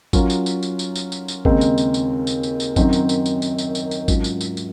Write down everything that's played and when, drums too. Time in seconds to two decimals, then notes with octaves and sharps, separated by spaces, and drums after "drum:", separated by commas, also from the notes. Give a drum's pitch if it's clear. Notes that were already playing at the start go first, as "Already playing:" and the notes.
0.13 F#3 C#4 F4 A#4, drum: kick G#1, tambourine
0.30 drum: tambourine
0.46 drum: tambourine
0.63 drum: tambourine
0.79 drum: tambourine
0.96 drum: tambourine
1.12 drum: tambourine
1.28 drum: tambourine
1.45 D#2 C#3 G#3 C4 D#4, drum: kick G#1
1.61 drum: tambourine
1.78 drum: tambourine
1.94 drum: tambourine
2.27 drum: tambourine
2.43 drum: tambourine
2.60 drum: tambourine
2.76 F#2 D#3 F#3 C4 D#4, drum: kick G#1, tambourine
2.93 drum: tambourine
3.09 drum: tambourine
3.26 drum: tambourine
3.42 drum: tambourine
3.58 drum: tambourine
3.75 drum: tambourine
3.91 drum: tambourine
4.08 G#2 F#3 C#4 F4, drum: kick G#1, tambourine
4.24 drum: tambourine
4.41 drum: tambourine
4.57 drum: tambourine